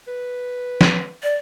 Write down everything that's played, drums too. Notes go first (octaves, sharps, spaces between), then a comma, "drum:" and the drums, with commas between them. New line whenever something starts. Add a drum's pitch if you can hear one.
B4
drum: snare
D5